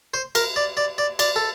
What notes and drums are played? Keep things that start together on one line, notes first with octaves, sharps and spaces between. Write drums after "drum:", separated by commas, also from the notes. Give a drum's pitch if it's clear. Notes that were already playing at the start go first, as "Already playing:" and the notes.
C5
A#4, drum: cymbal
D5
D5
D5
D5, drum: cymbal
A4